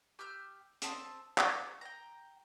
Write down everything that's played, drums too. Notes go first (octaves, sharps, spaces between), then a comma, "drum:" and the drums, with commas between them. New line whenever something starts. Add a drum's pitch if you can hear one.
G4 E6 F6 G6
C4 A5 D#6, drum: hi-hat
C#5 D5 A5, drum: clap
G5 A#5